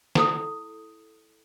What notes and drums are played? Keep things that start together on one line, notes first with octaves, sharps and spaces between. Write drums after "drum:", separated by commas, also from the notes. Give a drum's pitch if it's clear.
E4 A4 D#6, drum: snare